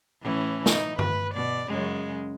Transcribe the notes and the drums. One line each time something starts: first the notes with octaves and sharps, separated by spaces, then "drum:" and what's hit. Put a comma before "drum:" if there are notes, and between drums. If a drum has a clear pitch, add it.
A2 E3 C#4
D#4, drum: snare
B4, drum: tom G2
B2 D5
F#2 C#3 G#3